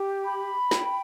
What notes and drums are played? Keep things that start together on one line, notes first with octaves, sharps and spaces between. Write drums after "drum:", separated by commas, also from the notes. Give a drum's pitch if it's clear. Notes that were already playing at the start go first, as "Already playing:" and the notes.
Already playing: G4
B5
G5, drum: snare